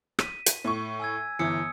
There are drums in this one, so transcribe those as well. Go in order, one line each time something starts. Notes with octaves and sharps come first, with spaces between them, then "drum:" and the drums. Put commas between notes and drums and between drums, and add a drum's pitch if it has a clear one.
B6 D#7, drum: rim click
drum: hi-hat
A2 C#6
G#5 E6 G#6
G1 E3 D#6 E6 C#7